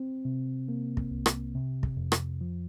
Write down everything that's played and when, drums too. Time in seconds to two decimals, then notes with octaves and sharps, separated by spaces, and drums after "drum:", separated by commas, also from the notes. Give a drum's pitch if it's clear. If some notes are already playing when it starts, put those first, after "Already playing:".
Already playing: C4
0.25 C3
0.69 A#3
0.97 drum: kick
1.11 C2
1.26 drum: rim click
1.55 C3
1.83 drum: kick
1.97 F2
2.12 drum: rim click
2.41 F3